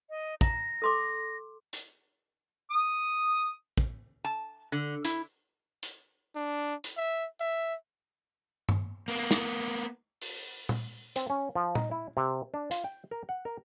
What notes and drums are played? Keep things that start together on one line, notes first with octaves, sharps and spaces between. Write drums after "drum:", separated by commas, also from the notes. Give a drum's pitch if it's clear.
D#5
A#5 A#6, drum: kick
A4 C6 D6
drum: hi-hat
D#6
drum: kick
A5
D3
E4, drum: hi-hat
drum: hi-hat
D4
drum: hi-hat
E5
E5
drum: tom G2
A#3 B3
drum: snare
drum: open hi-hat
drum: tom
C4, drum: hi-hat
C#4
F3
D#4, drum: tom
E4
C3
D4
F4, drum: hi-hat
G5
A#4
F#5
A#4